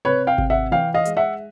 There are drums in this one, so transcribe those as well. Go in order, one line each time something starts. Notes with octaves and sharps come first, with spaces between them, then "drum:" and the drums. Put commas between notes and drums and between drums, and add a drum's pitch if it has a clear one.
C3 B4 C#5
F5 G5
C3, drum: kick G#1
E5 F#5
E3 F5 G5
D#5 F5
G#3, drum: hi-hat
E5 F#5